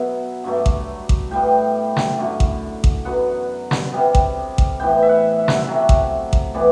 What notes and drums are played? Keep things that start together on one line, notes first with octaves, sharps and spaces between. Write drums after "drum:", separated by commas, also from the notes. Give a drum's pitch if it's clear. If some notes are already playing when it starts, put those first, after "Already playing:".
Already playing: B2 F#3 B3 E5
G2 F#3 A3
drum: kick A1
drum: kick A1
A2 G3 B3 G5
drum: snare
F#2 D3 A3
drum: kick A1
drum: kick A1
F#2 F#3 B3 F#5
drum: snare
C3 G3 B3
drum: kick A1
drum: kick A1
A2 E3 B3 G5
E5
F#5
E5
F#5, drum: snare
E5
C3 F#3 A3
drum: kick A1
drum: kick A1
A2 E3 B3 D5